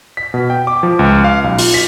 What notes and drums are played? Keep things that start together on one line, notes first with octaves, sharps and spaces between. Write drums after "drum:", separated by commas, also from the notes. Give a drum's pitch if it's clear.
B6
B2
G5
D6
F3
C#2
F5
B1
F4, drum: open hi-hat
B6